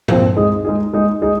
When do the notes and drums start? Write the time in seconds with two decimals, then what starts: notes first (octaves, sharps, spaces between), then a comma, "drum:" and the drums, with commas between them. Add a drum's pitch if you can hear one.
0.08 A#2 F3 C4, drum: tom G2
0.36 G#3 D#4 G#4
0.65 G#3 D#4 G#4
0.93 G#3 D#4 G#4
1.22 G#3 D#4 G#4